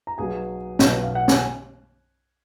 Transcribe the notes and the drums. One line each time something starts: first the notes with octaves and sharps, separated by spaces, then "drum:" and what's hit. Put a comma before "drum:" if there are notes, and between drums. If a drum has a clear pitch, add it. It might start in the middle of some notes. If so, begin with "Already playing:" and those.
A#5
B1 B2 F#3 G#4 G#5
B1 B2 F#3, drum: snare
F5
F#5
G#5, drum: snare